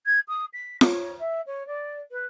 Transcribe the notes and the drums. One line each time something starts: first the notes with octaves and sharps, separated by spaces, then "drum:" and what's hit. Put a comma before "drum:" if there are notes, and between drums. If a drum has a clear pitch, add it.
G#6
D#6
B6
C#5, drum: snare
E5
C#5
D5
B4